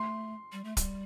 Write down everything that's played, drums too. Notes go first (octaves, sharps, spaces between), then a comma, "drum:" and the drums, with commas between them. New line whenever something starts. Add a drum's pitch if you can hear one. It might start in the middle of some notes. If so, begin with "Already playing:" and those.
Already playing: A3 C6
G3
A3
G3, drum: kick, hi-hat